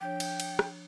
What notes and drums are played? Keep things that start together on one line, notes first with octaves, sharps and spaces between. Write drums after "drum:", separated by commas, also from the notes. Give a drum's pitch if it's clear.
F3 D4 C#5 G5
drum: cymbal
drum: cymbal
drum: rim click